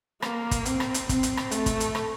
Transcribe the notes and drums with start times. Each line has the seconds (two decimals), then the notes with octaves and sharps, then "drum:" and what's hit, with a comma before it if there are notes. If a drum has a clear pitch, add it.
0.22 A#3, drum: rim click
0.51 drum: kick, hi-hat
0.66 C4, drum: hi-hat
0.80 drum: rim click
0.94 drum: hi-hat
1.09 C4, drum: kick, hi-hat
1.23 drum: hi-hat
1.37 drum: rim click
1.51 A3, drum: hi-hat
1.66 drum: kick, hi-hat
1.80 drum: hi-hat
1.95 drum: rim click